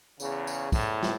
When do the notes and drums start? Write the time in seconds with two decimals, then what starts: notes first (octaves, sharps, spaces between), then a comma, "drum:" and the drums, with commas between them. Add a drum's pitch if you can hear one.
0.20 E2 C#3, drum: tambourine
0.47 drum: tambourine
0.72 E2 A2, drum: kick, tambourine
1.03 drum: snare